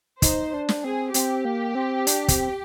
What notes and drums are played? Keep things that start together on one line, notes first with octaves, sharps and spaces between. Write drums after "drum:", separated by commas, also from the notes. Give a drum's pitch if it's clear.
D#4 C5, drum: kick, hi-hat
D4
drum: snare
C4 G#4
C4 G4, drum: hi-hat
A#3
C4
D4, drum: hi-hat
C4, drum: kick, hi-hat